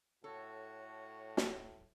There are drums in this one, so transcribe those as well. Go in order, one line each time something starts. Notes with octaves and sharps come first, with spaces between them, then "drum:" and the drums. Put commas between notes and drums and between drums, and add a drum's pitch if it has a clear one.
A2 F#4 A4 C#5
drum: snare